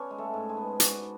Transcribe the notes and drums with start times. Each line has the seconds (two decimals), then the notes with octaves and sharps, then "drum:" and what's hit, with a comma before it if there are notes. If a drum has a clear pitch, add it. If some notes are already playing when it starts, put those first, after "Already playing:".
Already playing: B3 C#4 D4 C#5
0.11 G#3
0.18 A3 A4
0.34 G#2
0.49 G#3 G#4
0.57 B3
0.80 D4 F#4, drum: hi-hat